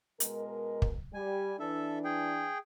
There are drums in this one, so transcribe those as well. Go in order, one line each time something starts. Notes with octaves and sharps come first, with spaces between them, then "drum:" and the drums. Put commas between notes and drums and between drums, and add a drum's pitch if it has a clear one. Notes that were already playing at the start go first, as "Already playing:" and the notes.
B2 G#3 A#4, drum: hi-hat
drum: kick
G3 G#5
E3 D4 A4 E5
G#4 G5